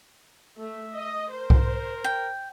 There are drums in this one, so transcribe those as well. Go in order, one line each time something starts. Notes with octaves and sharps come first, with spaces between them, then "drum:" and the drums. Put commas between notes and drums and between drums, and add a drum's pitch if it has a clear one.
A3 E5
D#5
A#4 C5
drum: kick C2
G5